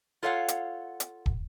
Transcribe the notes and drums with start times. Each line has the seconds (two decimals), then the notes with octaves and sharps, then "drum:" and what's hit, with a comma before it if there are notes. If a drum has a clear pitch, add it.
0.23 F4 A4 C#5 F5 F#5
0.48 drum: hi-hat
1.00 drum: hi-hat
1.26 drum: kick